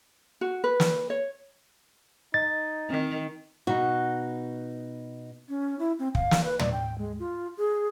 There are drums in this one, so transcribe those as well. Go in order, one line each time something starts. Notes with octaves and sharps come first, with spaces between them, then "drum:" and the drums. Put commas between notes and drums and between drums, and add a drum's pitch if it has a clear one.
F#4
B4
drum: snare
C#5
D#4 D#5 A6
D#3 C4 D#5
B2 D#4 F#4
C#4
E4
C4
F5, drum: kick
drum: snare
B4
D5, drum: tom
G5
G#3
F4
G#4